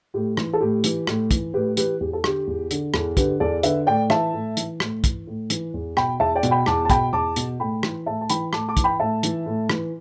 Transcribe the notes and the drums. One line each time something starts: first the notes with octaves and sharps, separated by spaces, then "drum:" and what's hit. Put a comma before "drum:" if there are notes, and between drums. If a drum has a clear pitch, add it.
A2 G4
E3, drum: rim click
A4
A2 G4
E3, drum: hi-hat
A2, drum: rim click
E3, drum: kick, hi-hat
A2 G4 B4
E3 G4 B4, drum: hi-hat
E2 G4
A4
D3 G4, drum: rim click
E2
D3, drum: hi-hat
E2 A4, drum: rim click
D3 G4 B4, drum: kick, hi-hat
E2 A4 D5
D3 B4 E5, drum: hi-hat
A2 D5 G5
E3 E5 A5, drum: rim click
A2
E3, drum: hi-hat
A2, drum: rim click
E3, drum: kick, hi-hat
A2
E3, drum: hi-hat
E2
B2 G5 B5, drum: rim click
E2 E5 A5
D5 G5
B2, drum: hi-hat
G5 B5
E2 A5 D6, drum: rim click
A5
B2 G5 B5, drum: kick, hi-hat
E2 A5 D6
B2, drum: hi-hat
A2 G5 B5
E3, drum: rim click
A2 E5 A5
A5
E3 G5 B5, drum: hi-hat
A2 A5 D6, drum: rim click
A5 D6
E3, drum: kick, hi-hat
G5 B5
A2 E5 A5
E3, drum: hi-hat
A2
E3, drum: rim click